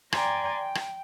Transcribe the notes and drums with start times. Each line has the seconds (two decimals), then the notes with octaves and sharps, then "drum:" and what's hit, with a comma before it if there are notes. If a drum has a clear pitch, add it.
0.12 D5 G5 G#5 A#5 C6, drum: rim click
0.55 G5
0.75 drum: rim click